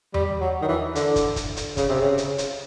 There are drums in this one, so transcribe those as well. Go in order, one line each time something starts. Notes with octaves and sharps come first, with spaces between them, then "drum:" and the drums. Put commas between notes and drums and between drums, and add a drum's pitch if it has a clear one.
G3, drum: tom E2
F#3
D#3
E3
D3, drum: hi-hat
drum: kick, hi-hat
drum: kick, hi-hat
drum: hi-hat
C#3, drum: kick, hi-hat
C3
C#3
drum: hi-hat
drum: hi-hat